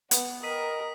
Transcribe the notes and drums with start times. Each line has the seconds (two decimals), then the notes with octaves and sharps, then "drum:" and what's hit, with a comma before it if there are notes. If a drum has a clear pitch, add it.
0.11 B3 F#5, drum: hi-hat
0.43 A#4 D#5 G5 D#6 B6 D#7